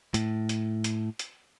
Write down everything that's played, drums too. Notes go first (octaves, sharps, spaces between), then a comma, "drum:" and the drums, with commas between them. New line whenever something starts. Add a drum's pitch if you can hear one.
A2, drum: hi-hat
drum: hi-hat
drum: hi-hat
drum: hi-hat